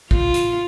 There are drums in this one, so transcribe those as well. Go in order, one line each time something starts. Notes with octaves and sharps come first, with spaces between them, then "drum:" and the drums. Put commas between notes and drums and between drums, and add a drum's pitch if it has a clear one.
F4, drum: kick
drum: hi-hat